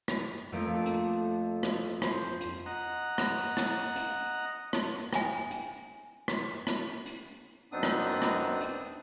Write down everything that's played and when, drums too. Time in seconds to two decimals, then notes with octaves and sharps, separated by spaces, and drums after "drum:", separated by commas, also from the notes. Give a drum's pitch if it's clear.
0.08 drum: rim click
0.52 F2 F3 A3 A#3
0.74 D4 A4
0.86 drum: hi-hat
1.63 drum: rim click
2.02 C5, drum: rim click
2.41 drum: hi-hat
2.66 D#5 F#5 A#5
3.18 drum: rim click
3.57 drum: rim click
3.96 drum: hi-hat
4.73 drum: rim click
5.13 G5 G#5, drum: rim click
5.51 drum: hi-hat
6.28 drum: rim click
6.67 drum: rim click
7.06 drum: hi-hat
7.72 F#2 B3 C4 D4 D#4 D#6
7.83 drum: rim click
8.22 drum: rim click
8.61 drum: hi-hat